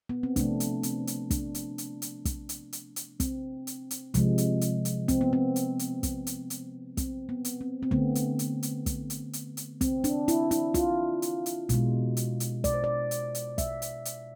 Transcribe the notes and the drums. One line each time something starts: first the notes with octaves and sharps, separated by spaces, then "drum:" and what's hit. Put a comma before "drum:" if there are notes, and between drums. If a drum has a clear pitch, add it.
B3
C4
C3 F3 A3 D4, drum: kick, hi-hat
drum: hi-hat
C4, drum: hi-hat
drum: hi-hat
D4, drum: kick, hi-hat
drum: hi-hat
drum: hi-hat
drum: hi-hat
drum: kick, hi-hat
drum: hi-hat
drum: hi-hat
drum: hi-hat
C4, drum: kick, hi-hat
drum: hi-hat
drum: hi-hat
C3 F3 G#3, drum: kick, hi-hat
drum: hi-hat
drum: hi-hat
drum: hi-hat
C4, drum: kick, hi-hat
B3
C4
drum: hi-hat
drum: hi-hat
drum: kick, hi-hat
drum: hi-hat
drum: hi-hat
C4, drum: kick, hi-hat
B3
drum: hi-hat
C4
C4
D3 A3 B3, drum: kick
drum: hi-hat
drum: hi-hat
drum: hi-hat
drum: kick, hi-hat
drum: hi-hat
drum: hi-hat
drum: hi-hat
C4, drum: kick, hi-hat
D4, drum: hi-hat
E4, drum: hi-hat
E4, drum: hi-hat
F4, drum: kick, hi-hat
drum: hi-hat
drum: hi-hat
B2 G#3, drum: kick, hi-hat
drum: hi-hat
drum: hi-hat
D5, drum: kick, hi-hat
C5
D5
drum: hi-hat
drum: hi-hat
E5, drum: kick, hi-hat
drum: hi-hat
drum: hi-hat